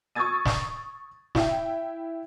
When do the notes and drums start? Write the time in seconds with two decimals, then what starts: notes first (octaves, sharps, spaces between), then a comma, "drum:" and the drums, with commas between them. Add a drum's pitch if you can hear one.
0.15 C#6 D#6 E6 G#6 A6 D#7
0.46 drum: snare
1.35 E4 E5 G5, drum: snare